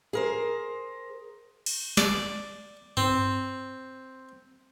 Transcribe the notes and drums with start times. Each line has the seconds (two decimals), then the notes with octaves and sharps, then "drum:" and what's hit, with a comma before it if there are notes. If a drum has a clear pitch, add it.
0.13 G#4 A#4 C5
1.66 drum: cymbal
1.97 D5, drum: snare
2.97 C4, drum: tom G2